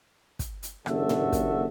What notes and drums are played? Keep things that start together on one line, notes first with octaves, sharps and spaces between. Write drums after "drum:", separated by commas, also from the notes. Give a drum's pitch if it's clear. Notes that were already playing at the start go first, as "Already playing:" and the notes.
drum: kick, hi-hat
drum: hi-hat
F#1 D#2 D3 F#4 A4 E5, drum: rim click
drum: tom
drum: kick, hi-hat